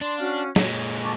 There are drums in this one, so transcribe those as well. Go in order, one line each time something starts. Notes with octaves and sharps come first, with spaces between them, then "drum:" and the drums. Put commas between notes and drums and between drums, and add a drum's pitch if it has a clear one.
D4 C6
C#4 F#4 F5
A#2 G#3 C#5, drum: snare
A5 C#6 D6